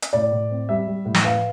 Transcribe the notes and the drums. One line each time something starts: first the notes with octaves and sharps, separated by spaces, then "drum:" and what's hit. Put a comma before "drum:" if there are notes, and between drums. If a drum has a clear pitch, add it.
drum: hi-hat
A2 D5
A2
C4
G3 E5
G3
A2
drum: snare
B4 F5